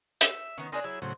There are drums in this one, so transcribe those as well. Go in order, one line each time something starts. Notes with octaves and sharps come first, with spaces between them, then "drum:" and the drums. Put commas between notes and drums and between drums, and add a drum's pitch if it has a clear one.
E5, drum: hi-hat
D#3 B3 C#4
C4 D4 D#4 G#4 A#4 C#5
F#3 E4 G#4
A2 C#3 F#3 C5